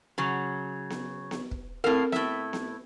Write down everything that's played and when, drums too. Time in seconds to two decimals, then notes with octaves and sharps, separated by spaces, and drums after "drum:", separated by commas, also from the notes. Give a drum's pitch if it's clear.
0.18 C#3 F#3
0.90 drum: snare B3
1.31 drum: snare B3
1.51 drum: kick
1.84 A2 C4 A4 A#4 F5
2.12 A2 E5, drum: snare B3
2.53 drum: snare B3